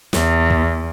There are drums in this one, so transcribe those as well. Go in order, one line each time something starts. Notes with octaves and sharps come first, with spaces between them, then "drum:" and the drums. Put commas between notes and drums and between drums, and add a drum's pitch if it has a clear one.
E2, drum: snare
drum: kick